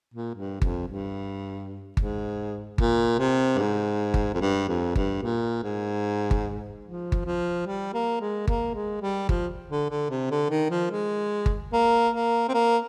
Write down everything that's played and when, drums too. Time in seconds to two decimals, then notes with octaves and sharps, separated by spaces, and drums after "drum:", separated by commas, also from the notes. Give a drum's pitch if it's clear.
0.14 A#2
0.34 G2
0.62 F2, drum: kick G1
0.88 G2
1.97 G#2, drum: kick G1
2.78 A#2, drum: kick G1
3.19 C3
3.56 G2
3.59 G#2
4.14 drum: kick G1
4.34 F2
4.41 G2
4.68 F2
4.95 G2, drum: kick G1
5.23 A#2
5.64 G#2
6.31 drum: kick G1
6.85 F3
7.12 drum: kick G1
7.25 F3
7.67 G3
7.94 A#3
8.21 G#3
8.47 A#3, drum: kick G1
8.74 G#3
9.01 G3
9.29 F3, drum: kick G1
9.70 D3
9.90 D3
10.10 C3
10.31 D3
10.50 D#3
10.71 F3
10.91 G#3
11.46 drum: kick G1
11.73 A#3
12.14 A#3
12.49 C4
12.54 A#3